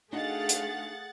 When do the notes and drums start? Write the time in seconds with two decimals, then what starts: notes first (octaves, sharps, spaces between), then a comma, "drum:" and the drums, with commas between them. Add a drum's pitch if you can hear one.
0.13 A3 D4 D#4 F#4 G#4 F5 F#5 A6
0.49 drum: hi-hat